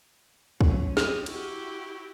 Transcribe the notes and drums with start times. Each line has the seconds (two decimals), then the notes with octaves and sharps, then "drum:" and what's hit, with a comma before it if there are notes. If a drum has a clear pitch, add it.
0.61 F#3 C#4, drum: kick
0.97 G4 G#4 D#5, drum: snare
1.26 E4 F#4 G4, drum: cymbal